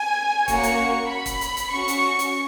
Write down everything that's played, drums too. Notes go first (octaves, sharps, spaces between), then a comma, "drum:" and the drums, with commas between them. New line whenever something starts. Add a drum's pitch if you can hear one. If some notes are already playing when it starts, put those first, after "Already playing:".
Already playing: G#5
A#3 C#4 F#4 C#6, drum: kick, hi-hat
drum: hi-hat
B5
drum: kick, hi-hat
drum: hi-hat
drum: hi-hat
C#4 F#4 C#6
drum: hi-hat
drum: hi-hat